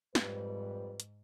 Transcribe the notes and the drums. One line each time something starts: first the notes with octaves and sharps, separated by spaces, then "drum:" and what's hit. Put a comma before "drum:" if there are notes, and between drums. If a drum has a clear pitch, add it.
F2 G#2 G3 B4, drum: snare
drum: hi-hat